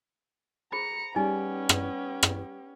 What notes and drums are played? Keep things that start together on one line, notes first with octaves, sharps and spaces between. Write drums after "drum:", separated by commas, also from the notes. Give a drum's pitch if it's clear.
G#4 C5 A#5 B5 C#7
G3 B3 C#4 D#4 G4 G#4 G#5
drum: rim click
drum: rim click